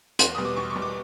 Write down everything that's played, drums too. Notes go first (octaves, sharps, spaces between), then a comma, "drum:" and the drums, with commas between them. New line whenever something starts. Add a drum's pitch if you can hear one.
E2 C6, drum: hi-hat
B2 G3 B3 D#6
D6
E2 C#6
C#6
B2 G3 B3
D6